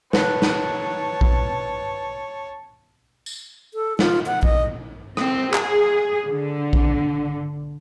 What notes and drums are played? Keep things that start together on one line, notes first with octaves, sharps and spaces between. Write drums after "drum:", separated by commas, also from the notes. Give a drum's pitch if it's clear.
B4 C#5 A5, drum: snare
drum: snare
drum: kick A#1
drum: tambourine
A4
F4, drum: snare
F#5
D#5, drum: kick A#1
C4, drum: rim click
G#4, drum: clap
D3
drum: kick A#1